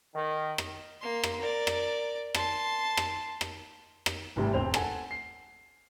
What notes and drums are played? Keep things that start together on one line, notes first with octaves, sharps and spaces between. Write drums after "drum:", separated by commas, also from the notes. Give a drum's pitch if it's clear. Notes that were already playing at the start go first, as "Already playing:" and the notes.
D#3
drum: rim click
A#3 C6
drum: rim click
A#4 D5
drum: rim click
A5 C6, drum: rim click
drum: rim click
drum: rim click
drum: rim click
G#1 A2 C3 E3 G3
E1 D2 C4 C5 F7
A4 F#5 G#5 A5, drum: rim click
C7